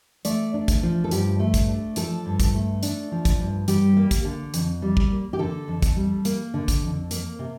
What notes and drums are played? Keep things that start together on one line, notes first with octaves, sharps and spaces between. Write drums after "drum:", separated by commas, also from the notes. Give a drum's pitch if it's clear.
A3 D5, drum: hi-hat
D4
drum: kick, hi-hat
F3
A4
G2 G4, drum: hi-hat
A3
drum: kick, hi-hat
D4
F3 A4, drum: hi-hat
G2
drum: kick, hi-hat
A3
D4, drum: hi-hat
F3
drum: kick, hi-hat
G2
G3 G4, drum: hi-hat
A#3
drum: kick, hi-hat
D3
F2, drum: hi-hat
G3
drum: kick
A#3
G4
D3 A4
F2
drum: kick, hi-hat
G3
A#3, drum: hi-hat
D3
drum: kick, hi-hat
F2
A#3, drum: hi-hat
C3